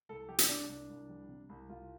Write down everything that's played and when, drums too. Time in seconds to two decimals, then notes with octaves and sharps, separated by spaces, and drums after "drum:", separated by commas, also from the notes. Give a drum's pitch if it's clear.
0.09 C2 A4
0.29 G3 G4
0.39 drum: hi-hat
0.48 C3 D4
0.69 C2 D4
0.90 C2
1.09 G3
1.28 C3
1.49 C2
1.69 C2 F4